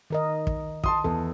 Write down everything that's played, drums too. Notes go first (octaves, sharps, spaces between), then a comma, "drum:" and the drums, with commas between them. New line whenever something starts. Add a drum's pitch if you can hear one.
D#3 A#4 D#5
drum: kick
A5 C6 D#6, drum: kick
E2 A4